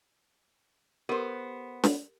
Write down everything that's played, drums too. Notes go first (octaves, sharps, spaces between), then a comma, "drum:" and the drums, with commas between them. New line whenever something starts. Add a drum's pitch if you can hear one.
B3 G4 A4 A#4 C5
drum: snare